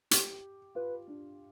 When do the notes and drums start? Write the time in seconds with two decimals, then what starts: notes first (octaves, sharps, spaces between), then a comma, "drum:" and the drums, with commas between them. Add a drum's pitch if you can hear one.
0.11 G4, drum: hi-hat
0.75 F4 B4
1.08 D4